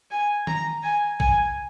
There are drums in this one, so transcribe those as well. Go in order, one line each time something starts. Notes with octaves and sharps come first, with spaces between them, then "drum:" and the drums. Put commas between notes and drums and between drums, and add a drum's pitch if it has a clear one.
G#5
A#5, drum: tom D#3
G#5
G#5, drum: kick